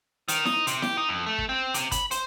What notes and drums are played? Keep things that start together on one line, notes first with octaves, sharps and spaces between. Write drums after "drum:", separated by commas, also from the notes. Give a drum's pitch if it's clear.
D#3, drum: hi-hat
D#4, drum: snare E4
C3, drum: hi-hat
G4, drum: snare E4
D#4
F2
A3
drum: kick
C4
C3, drum: hi-hat
B5, drum: kick, hi-hat
C5, drum: hi-hat